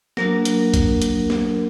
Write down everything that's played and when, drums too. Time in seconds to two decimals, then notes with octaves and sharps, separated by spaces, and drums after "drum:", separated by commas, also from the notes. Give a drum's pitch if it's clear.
0.17 F#3 A#3 D4 F#4 A#4, drum: snare
0.45 drum: hi-hat
0.74 drum: kick A#1, hi-hat
1.02 A#4, drum: hi-hat
1.30 drum: snare